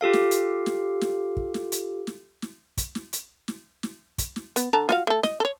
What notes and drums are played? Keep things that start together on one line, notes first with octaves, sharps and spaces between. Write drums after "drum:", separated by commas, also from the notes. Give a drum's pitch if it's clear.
F4 G4 A4 F5
drum: snare
drum: hi-hat
drum: snare
drum: snare
drum: kick
drum: snare
drum: hi-hat
drum: snare
drum: snare
drum: kick, hi-hat
drum: snare
drum: hi-hat
drum: snare
drum: snare
drum: kick, hi-hat
drum: snare
B3, drum: hi-hat
D3 A5 A#5
F4 F#4 F5, drum: snare
A3 A4
D#5, drum: snare
A4 C#5